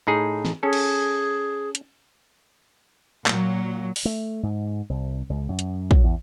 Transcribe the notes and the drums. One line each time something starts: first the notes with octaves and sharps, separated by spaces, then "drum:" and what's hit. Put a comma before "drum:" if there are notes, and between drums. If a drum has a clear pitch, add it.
A2 D#4 G#4
drum: snare
C#4 G#4 A4
drum: cymbal
drum: hi-hat
A#2 F#3, drum: clap
drum: open hi-hat
A3
G#2
C2
C#2
F#2
drum: hi-hat
F#3, drum: kick
E2